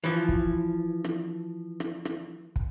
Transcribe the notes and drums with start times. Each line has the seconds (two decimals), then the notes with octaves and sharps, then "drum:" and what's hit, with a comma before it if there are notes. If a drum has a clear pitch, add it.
0.04 E3 F3
0.29 drum: kick
1.04 drum: rim click
1.80 drum: rim click
2.05 drum: rim click
2.56 drum: kick